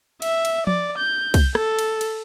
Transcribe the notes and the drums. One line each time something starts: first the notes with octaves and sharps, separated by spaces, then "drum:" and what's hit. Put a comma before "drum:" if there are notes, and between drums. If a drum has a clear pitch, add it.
E5, drum: cymbal
drum: cymbal
D5, drum: tom F3
G6
drum: kick, cymbal
A4, drum: rim click
drum: cymbal
drum: cymbal